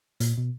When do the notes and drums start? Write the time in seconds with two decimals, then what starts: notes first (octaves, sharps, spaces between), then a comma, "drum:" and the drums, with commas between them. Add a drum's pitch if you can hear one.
0.20 A#2, drum: hi-hat
0.38 B2